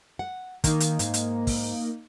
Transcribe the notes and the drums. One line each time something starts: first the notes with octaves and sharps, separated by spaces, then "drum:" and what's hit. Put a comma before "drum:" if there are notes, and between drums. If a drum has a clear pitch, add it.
F#5
D#3 A#3 D#4, drum: kick, hi-hat
drum: hi-hat
G#2, drum: hi-hat
drum: hi-hat
drum: kick, open hi-hat